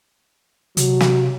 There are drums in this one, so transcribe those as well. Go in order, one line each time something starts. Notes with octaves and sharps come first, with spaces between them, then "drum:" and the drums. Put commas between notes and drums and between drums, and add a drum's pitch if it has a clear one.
C3 F#3, drum: hi-hat
drum: snare